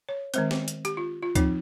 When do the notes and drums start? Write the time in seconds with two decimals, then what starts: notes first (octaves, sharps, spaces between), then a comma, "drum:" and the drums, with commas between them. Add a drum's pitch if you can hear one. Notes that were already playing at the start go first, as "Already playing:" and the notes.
0.09 C#5
0.34 D#3 G#3 C4 C5, drum: hi-hat
0.51 drum: snare
0.68 drum: hi-hat
0.85 G4, drum: hi-hat
0.97 F4
1.22 F4
1.35 F3 C4 D#4, drum: kick, hi-hat